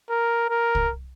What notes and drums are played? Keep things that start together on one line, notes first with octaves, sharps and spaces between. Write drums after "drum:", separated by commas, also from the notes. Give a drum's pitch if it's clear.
A#4
A#4
drum: kick C2